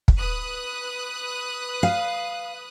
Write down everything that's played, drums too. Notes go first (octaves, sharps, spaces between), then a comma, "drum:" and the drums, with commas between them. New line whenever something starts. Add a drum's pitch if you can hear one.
drum: kick
B4 D#6 F#6
F5